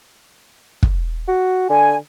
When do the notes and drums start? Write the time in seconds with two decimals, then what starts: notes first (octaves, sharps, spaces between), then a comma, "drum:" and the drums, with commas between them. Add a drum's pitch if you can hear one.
0.83 drum: kick
1.28 F#4
1.70 D3 G#5